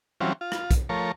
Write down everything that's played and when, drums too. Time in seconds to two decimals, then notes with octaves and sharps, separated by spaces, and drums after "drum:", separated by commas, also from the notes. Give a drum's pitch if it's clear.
0.21 E3 F#3 G3 C4 C#4 F4
0.41 F4
0.52 drum: rim click
0.71 drum: kick B1, hi-hat
0.89 F3 A3 A#4 C#5